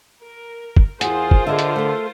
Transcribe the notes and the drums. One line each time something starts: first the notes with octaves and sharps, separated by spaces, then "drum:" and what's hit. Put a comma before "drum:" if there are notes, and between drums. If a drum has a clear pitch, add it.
A#4
drum: kick
E2 F4 G#4 A#4 C5 F#5, drum: hi-hat
drum: kick
D3 G#4 D#5 E5
drum: hi-hat
A3 A4